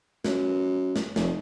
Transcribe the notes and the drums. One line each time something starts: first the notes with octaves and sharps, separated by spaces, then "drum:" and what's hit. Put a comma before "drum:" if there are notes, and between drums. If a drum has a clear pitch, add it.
F#2, drum: snare
drum: snare
F1, drum: snare